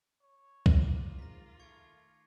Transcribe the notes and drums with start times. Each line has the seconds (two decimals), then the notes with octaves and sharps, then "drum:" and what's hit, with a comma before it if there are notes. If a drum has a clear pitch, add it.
0.22 C#5
0.66 drum: kick
0.81 D#4 F4 D6 D#7
1.19 G#2 A#4 A#6 B6
1.60 D#3 A3 C#6 G#6 C#7